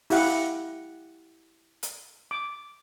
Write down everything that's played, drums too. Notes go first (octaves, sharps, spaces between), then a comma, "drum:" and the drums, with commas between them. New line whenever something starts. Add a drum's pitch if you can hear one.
E4 G4 F5 F#5, drum: open hi-hat
drum: hi-hat
D6